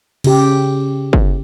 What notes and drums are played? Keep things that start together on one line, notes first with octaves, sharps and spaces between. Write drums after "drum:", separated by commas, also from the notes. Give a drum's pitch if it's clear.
C#3 G4, drum: cymbal
drum: kick